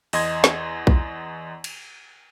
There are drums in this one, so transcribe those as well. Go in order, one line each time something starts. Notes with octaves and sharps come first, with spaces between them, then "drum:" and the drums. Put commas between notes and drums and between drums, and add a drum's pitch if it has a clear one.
E2 D#5 C6 G#6, drum: open hi-hat
drum: snare
drum: kick
drum: cymbal